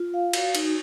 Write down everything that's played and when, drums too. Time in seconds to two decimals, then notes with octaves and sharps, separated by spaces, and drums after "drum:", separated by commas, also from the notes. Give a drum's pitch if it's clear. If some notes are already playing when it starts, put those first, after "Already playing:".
Already playing: F4
0.14 F5
0.33 F#4, drum: cymbal
0.55 D#4, drum: cymbal